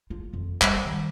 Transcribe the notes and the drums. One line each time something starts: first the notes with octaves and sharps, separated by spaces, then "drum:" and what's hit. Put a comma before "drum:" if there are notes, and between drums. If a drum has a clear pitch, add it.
F4
F2
G3, drum: clap
D#3